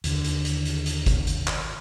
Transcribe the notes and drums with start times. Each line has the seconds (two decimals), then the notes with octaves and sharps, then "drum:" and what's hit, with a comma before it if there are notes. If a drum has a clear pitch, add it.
0.04 D#2 D3, drum: hi-hat
0.24 drum: hi-hat
0.45 drum: hi-hat
0.65 drum: hi-hat
0.86 drum: hi-hat
1.06 drum: kick G1, hi-hat
1.27 drum: hi-hat
1.47 drum: clap